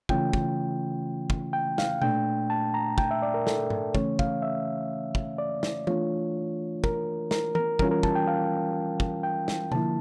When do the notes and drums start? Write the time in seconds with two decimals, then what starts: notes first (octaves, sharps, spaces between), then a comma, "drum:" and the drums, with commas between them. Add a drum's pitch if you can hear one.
0.09 C#3 E3 A3 C#4 F4 G5, drum: kick
0.33 drum: kick
1.30 drum: kick
1.53 G5
1.78 F5, drum: snare
2.02 A#2 A3 D4 G5, drum: tom
2.50 A5
2.74 A#5
2.98 G5, drum: kick
3.11 E5
3.22 D5
3.34 A#4
3.47 A4, drum: snare
3.70 drum: tom G#2
3.95 C#3 E3 A3 C#4 C#5, drum: kick
4.19 F5, drum: kick
4.42 E5
5.15 drum: kick
5.38 D5
5.63 drum: snare
5.87 E3 A3 D4 F4 C#5, drum: tom E3
6.84 A#4, drum: kick
7.31 A#4, drum: snare
7.55 A#4, drum: tom E3
7.79 E3 G3 C#4 F4 A#4, drum: kick
7.91 A#4
8.03 A5, drum: kick
8.15 G5
8.27 F5
9.00 drum: kick
9.23 G5
9.48 drum: snare
9.72 D3 F3 A#3 E4 A5, drum: tom